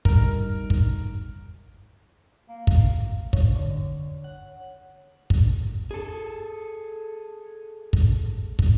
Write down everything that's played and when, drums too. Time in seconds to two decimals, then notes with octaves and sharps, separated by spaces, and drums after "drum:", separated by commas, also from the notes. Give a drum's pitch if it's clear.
0.05 G3 D#4 A#4 F6, drum: kick
0.70 drum: kick
2.49 A#3
2.67 drum: kick
3.33 C#5, drum: kick
3.55 D3
4.24 F#5
5.30 drum: kick
5.91 G#4 A4
7.93 drum: kick
8.59 drum: kick